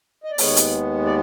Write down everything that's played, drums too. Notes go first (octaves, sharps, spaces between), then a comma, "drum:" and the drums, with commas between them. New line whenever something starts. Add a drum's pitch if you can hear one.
D#5
D5
D#2 D#3 G#3 B3 C#5, drum: open hi-hat
drum: hi-hat
D5